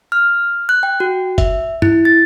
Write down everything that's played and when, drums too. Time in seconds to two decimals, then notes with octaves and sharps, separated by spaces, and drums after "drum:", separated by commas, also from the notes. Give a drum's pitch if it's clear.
0.12 F6
0.69 F#6
0.83 G5
1.00 F#4
1.38 E5, drum: kick, hi-hat
1.82 E4, drum: tom
2.05 A6